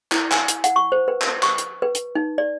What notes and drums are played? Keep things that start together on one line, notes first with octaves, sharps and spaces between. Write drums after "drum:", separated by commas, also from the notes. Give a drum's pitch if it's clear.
E4, drum: clap
G#5, drum: clap
drum: hi-hat
F#5, drum: hi-hat
C#6
C5
B4
drum: clap
C#6, drum: clap
drum: hi-hat
B4
drum: hi-hat
D#4
D5